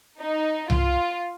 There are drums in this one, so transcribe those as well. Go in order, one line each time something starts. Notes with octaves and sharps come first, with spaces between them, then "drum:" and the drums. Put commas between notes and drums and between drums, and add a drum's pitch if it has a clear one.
D#4
F4, drum: tom C2